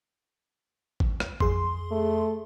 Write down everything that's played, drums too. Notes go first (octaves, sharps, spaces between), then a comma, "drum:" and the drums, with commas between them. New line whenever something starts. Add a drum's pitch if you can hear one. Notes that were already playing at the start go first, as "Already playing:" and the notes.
drum: kick
drum: rim click
F2 G#4 C6, drum: kick
A3